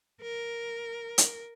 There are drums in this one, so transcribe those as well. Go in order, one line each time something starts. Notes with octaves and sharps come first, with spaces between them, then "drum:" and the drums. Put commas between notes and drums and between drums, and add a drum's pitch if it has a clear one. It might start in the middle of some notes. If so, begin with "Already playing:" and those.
A#4
drum: hi-hat